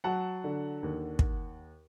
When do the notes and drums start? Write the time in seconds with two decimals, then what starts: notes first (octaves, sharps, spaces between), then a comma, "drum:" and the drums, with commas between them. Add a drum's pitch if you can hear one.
0.04 F#3 F#5 A5
0.44 D3
0.83 D#2
1.19 drum: kick